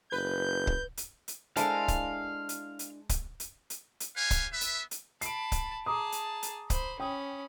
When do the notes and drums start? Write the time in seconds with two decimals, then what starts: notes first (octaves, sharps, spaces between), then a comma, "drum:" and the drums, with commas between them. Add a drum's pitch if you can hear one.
0.12 F#1 B4 G6
0.67 drum: kick C#1
0.97 drum: hi-hat
1.28 drum: hi-hat
1.56 G#3 D4 E4 A4 A#4 C5 F5 A5, drum: hi-hat
1.88 drum: kick C#1, hi-hat
2.49 drum: hi-hat
2.79 drum: hi-hat
3.09 drum: kick C#1, hi-hat
3.40 drum: hi-hat
3.70 drum: hi-hat
4.00 drum: hi-hat
4.16 G4 B4 C#5 F5 G#5
4.31 drum: kick C#1, hi-hat
4.52 B3 B4 E5
4.61 drum: hi-hat
4.91 drum: hi-hat
5.21 A5 B5 C7 D7, drum: hi-hat
5.52 drum: kick C#1, hi-hat
5.86 G#4 A5 A#5 D6 D#6
6.12 drum: hi-hat
6.43 drum: hi-hat
6.70 C5 B5, drum: kick C#1, hi-hat
7.00 C#4 G5 B5 D#6